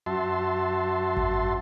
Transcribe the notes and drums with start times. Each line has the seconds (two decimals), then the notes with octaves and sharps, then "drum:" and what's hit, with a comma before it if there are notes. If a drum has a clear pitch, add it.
0.06 F#2 F#4 E5 A5 C6
1.17 drum: kick G#1